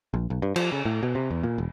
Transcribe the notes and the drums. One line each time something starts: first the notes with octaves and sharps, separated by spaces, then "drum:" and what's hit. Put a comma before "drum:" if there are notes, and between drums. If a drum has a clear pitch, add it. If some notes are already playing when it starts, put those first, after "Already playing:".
A#1
B1
G2
F3, drum: cymbal
C#3
A2
B2
C3
E2
A#2
E1